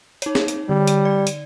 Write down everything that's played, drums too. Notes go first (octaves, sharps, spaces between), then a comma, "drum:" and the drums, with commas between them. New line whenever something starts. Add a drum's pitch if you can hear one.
D#4 C#5, drum: hi-hat
drum: snare
drum: hi-hat
D3 G3
drum: hi-hat
D5
drum: hi-hat